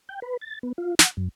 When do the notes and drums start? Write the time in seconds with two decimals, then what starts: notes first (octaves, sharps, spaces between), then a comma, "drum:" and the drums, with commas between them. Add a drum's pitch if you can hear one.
0.09 G5
0.22 B4
0.41 A6
0.63 B3
0.78 F4
0.99 F#5, drum: snare
1.17 F#2